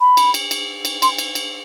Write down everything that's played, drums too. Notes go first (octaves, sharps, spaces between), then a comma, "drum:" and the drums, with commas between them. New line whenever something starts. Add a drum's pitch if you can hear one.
B5
drum: cymbal
drum: cymbal
drum: cymbal
drum: cymbal
C6, drum: cymbal
drum: cymbal
drum: cymbal